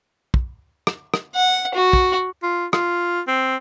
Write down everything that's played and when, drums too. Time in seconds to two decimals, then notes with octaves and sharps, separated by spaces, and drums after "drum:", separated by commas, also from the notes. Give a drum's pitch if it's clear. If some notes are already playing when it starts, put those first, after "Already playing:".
0.34 drum: kick
0.87 drum: rim click
1.14 drum: rim click
1.35 F#5
1.75 F#4
1.93 drum: kick
2.43 F4
2.73 F4, drum: rim click
3.28 C4